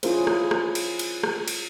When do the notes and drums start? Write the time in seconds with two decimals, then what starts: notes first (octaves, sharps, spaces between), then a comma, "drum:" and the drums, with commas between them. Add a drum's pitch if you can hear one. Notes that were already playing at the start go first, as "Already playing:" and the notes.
0.03 C#4 E4 F4 G#4 A#4 C5, drum: cymbal
0.27 drum: rim click
0.51 drum: rim click
0.75 drum: cymbal
0.99 drum: cymbal
1.23 drum: rim click
1.48 drum: cymbal